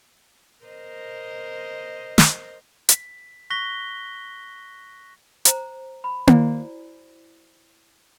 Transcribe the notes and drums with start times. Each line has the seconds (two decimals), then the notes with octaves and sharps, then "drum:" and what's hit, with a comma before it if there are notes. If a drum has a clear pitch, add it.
0.64 A#4 C5 D#5
2.18 drum: snare
2.89 B6, drum: hi-hat
3.50 C#6 F#6 A#6 B6 G7
5.45 C5 A#5, drum: hi-hat
6.04 B5
6.27 E4 F#4 C5 D5 G#5, drum: tom A#3